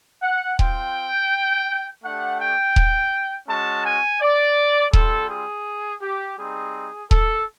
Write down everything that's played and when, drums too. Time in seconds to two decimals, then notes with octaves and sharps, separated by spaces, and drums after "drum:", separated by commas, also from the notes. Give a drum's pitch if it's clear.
0.22 F#5
0.59 C4 F4 G5, drum: kick D#1
2.04 A3 D4 G4 F#5
2.40 G5
2.76 drum: kick D#1
3.49 G#3 C#4 F#4 A5
3.85 G#5
4.21 D5
4.93 G3 C4 F4 A4, drum: kick D#1
5.30 G#4
6.02 G4
6.38 G3 C4 D#4 G#4
7.11 A4, drum: kick D#1